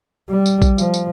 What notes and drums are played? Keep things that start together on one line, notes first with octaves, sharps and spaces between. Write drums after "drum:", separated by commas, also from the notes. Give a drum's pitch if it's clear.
G3
drum: tambourine
drum: kick A#1, tambourine
F3, drum: tambourine
drum: tambourine